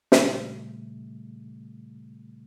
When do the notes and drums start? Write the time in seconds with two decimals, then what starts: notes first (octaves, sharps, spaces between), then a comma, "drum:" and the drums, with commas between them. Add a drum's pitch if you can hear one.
0.12 A#2 C#3 G3 A3, drum: snare